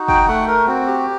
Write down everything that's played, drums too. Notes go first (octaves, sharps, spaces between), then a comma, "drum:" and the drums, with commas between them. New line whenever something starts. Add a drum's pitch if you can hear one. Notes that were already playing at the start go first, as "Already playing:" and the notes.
Already playing: D#4 F#4
G5, drum: kick
A3 F#5
A#4
C4 F#4
G4